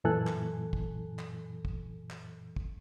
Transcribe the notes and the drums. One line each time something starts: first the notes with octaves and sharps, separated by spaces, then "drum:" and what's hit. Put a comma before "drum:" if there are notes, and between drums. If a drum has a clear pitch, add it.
F#2 A#2 E3 A4 G#5 F#6
drum: clap
drum: kick
drum: clap
drum: kick
drum: clap
drum: kick